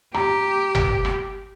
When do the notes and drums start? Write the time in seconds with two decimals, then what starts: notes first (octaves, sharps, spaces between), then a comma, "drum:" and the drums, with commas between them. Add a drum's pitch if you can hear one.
0.14 G4 A#5, drum: rim click
0.75 drum: tom G1
1.05 drum: rim click